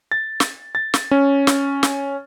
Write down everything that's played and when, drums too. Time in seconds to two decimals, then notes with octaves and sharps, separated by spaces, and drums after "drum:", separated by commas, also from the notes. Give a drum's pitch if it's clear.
0.12 A6
0.40 drum: snare
0.75 A6
0.94 drum: snare
1.11 C#4
1.47 drum: snare
1.83 drum: snare